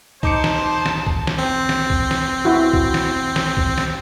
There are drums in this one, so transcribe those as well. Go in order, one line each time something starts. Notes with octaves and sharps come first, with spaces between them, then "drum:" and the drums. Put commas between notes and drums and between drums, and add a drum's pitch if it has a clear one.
D#4 C5 A5 D6 C#7, drum: kick C2
drum: snare
drum: snare
drum: kick C2
drum: snare
C4
drum: snare
drum: kick C2
drum: snare
E4 F#4
drum: kick C2
drum: snare
drum: snare
drum: kick C2
drum: snare